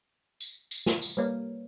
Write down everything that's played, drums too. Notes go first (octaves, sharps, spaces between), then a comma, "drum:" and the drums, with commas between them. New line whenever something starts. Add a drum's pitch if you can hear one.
drum: tambourine
drum: tambourine
drum: snare
drum: tambourine
G3 A#3 B4 C#5 D5